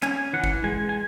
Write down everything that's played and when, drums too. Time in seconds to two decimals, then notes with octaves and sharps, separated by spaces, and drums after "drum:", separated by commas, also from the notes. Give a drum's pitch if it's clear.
0.03 C#4 G#5, drum: clap
0.33 E3 F#5
0.44 drum: kick
0.64 G#3 G#5
0.89 G#5